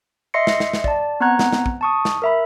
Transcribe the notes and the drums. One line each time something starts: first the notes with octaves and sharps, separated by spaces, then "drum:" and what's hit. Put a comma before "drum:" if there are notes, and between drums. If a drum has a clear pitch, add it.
D#5 E5 C6 A#6 C7 C#7
drum: snare
drum: snare
drum: snare
D5 A5, drum: kick
B3 C4 F#5 A#5 F#6 G#6
drum: snare
drum: snare
drum: kick
A5 C#6 D#6
drum: snare
A#4 E5 B5